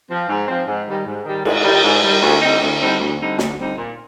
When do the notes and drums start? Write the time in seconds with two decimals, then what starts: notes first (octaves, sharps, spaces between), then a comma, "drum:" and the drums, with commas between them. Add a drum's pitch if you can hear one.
0.10 F3 C4
0.29 G#2
0.48 F3 C4
0.68 G#2
0.87 D#3 G3
1.06 G#2
1.26 D#3 G3
1.45 G#2, drum: cymbal
1.65 D#3 G3
1.84 G#2
2.04 D#3 G3
2.22 D2
2.42 D3 G3 C4 D#4
2.61 D2
2.80 D3 G3 C4 D#4
3.00 D2
3.19 D3 G3 C4 D#4
3.39 D2, drum: snare
3.58 D3 G3 C4 D#4
3.77 A#2